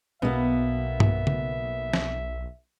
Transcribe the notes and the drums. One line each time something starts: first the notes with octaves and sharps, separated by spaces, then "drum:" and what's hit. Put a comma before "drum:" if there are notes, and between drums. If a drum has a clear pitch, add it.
B1 B2 A#3 B3 E5
drum: tom G2
drum: tom C#3
drum: snare